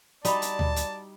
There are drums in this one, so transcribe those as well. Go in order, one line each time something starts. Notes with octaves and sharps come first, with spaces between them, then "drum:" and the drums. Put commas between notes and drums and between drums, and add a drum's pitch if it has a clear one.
G3 D#4 F#4 D5 A5 B5 C#6, drum: hi-hat
drum: hi-hat
drum: tom D2
drum: hi-hat